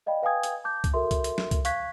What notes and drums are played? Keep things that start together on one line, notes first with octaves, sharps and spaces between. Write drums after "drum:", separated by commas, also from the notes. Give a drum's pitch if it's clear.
D5 D#5 F5 G5 B5
B4 F5 G5 G#5 D#6 G#6
drum: hi-hat
A5 D6 G6
drum: kick C2, hi-hat
F#4 A4 A#4 E5 C6
drum: kick C2, hi-hat
drum: hi-hat
drum: snare
drum: kick C2, hi-hat
F5 C#6 F#6 G#6 B6, drum: hi-hat